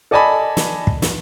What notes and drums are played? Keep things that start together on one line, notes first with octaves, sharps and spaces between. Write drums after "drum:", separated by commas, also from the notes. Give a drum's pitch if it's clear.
A4 D5 D#5 G#5 A5 B5
drum: snare
drum: kick
drum: snare